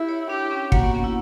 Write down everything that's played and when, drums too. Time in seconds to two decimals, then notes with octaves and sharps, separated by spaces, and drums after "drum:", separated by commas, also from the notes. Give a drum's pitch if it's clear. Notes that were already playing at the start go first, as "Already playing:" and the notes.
Already playing: E4 G4
0.09 C#5
0.29 D4 G4
0.51 C#4
0.72 A#3 F#4, drum: kick
0.84 B3
0.94 C#4
1.04 E4